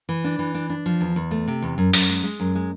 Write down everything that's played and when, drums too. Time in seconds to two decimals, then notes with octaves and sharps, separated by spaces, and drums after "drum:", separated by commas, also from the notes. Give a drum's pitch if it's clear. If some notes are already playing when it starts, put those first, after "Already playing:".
0.09 E3
0.24 D4
0.39 E3
0.54 D4
0.70 D4
0.86 F3
1.01 E2
1.16 E2
1.31 A3
1.48 C3
1.62 E2
1.78 F#2
1.93 F#2, drum: open hi-hat
2.09 G#3
2.23 G#3
2.40 F#2
2.55 G#3